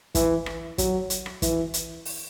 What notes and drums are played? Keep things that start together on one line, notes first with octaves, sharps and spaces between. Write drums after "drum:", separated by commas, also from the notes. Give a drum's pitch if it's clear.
E3, drum: kick, hi-hat
drum: rim click
F#3, drum: kick, hi-hat
drum: hi-hat
drum: rim click
E3, drum: kick, hi-hat
drum: hi-hat
drum: open hi-hat